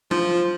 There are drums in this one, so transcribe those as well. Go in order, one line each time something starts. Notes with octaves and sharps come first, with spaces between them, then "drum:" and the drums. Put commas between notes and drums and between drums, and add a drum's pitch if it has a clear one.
F3, drum: tom